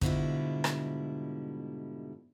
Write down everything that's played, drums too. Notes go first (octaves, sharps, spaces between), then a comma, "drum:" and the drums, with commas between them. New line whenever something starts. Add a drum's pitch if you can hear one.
G#2 B2 D3 G3 E4 F4, drum: kick
drum: rim click